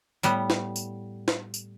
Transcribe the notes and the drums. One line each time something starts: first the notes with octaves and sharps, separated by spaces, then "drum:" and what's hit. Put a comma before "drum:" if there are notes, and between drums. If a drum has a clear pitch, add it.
A2 G3 B3, drum: tambourine
drum: snare
drum: tambourine
drum: snare
drum: tambourine